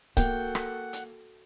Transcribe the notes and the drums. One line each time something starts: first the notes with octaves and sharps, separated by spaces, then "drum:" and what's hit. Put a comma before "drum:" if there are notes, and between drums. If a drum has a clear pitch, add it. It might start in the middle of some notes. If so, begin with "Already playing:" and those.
A#3 F#4 A4 F#5 G5, drum: kick C#1, hi-hat
drum: rim click
drum: hi-hat